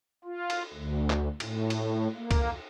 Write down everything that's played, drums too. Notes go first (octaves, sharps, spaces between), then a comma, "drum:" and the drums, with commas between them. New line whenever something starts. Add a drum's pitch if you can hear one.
F4
drum: cymbal
D2
drum: clap
A2, drum: cymbal
drum: cymbal
A#3
drum: kick C2, cymbal